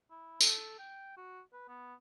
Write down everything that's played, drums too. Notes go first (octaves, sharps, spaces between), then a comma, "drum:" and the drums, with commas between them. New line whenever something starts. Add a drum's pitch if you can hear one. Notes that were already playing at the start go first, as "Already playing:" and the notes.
E4
A4, drum: tambourine
G5
F#4
B4
B3